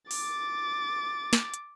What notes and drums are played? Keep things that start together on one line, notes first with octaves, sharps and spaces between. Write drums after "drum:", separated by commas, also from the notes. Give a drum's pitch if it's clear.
D6 A6, drum: open hi-hat
drum: snare
drum: hi-hat